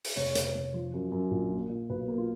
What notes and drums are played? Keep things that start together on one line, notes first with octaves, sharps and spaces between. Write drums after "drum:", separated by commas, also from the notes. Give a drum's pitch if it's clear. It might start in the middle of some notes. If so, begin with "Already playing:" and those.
drum: open hi-hat
F1 C#5
F1, drum: hi-hat
F1
F3
F#2
F#2
A#1
A#2
A#2
B1 B4
A#3
F4